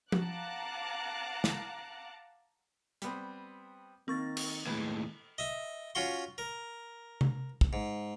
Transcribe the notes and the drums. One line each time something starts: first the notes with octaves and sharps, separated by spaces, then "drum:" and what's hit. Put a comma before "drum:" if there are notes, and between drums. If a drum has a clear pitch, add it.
F5 F#5 A5 A#5 D6 F#6, drum: tom F3
drum: snare
G3 B3 C4, drum: hi-hat
D#3 A#3 C4 C#6 A6
drum: cymbal
D#2 A2 G#3 B4
D#5 E5
C#4 F4 F#4 C6
A#4
drum: tom C3
drum: kick
G#2